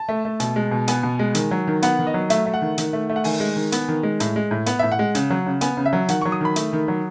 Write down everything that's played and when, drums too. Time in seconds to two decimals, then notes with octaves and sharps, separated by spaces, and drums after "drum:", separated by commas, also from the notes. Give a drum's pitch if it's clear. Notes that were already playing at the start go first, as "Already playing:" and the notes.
Already playing: A5
0.09 A3
0.25 A3
0.40 B2, drum: hi-hat
0.56 G#3
0.71 B2
0.88 B3 G#5, drum: hi-hat
1.03 B2
1.19 G#3
1.35 D#3, drum: hi-hat
1.51 F#3
1.67 D#3
1.82 B3 F#5, drum: hi-hat
1.99 D#3
2.07 D#5
2.14 F#3
2.30 A3 E5, drum: hi-hat
2.46 A3
2.54 F#5
2.62 D#3
2.78 D#3, drum: hi-hat
2.93 A3
3.09 A3
3.16 F#5
3.24 D#3 G#5, drum: open hi-hat
3.40 G#3
3.56 D#3
3.72 B3, drum: hi-hat
3.88 D#3
4.03 G#3
4.20 A2, drum: hi-hat
4.36 G#3
4.51 A2
4.66 B3 F#5, drum: hi-hat
4.79 A2 E5
4.92 F#5
4.99 G#3
5.15 C#3, drum: hi-hat
5.30 F#3
5.47 C#3
5.61 B3 G#5, drum: hi-hat
5.77 C#3
5.86 E5
5.93 F#3
6.08 D#3 F#5, drum: hi-hat
6.22 F#3 C#6
6.32 D#6
6.41 D#3 B5
6.56 A3, drum: hi-hat
6.73 D#3
6.88 F#3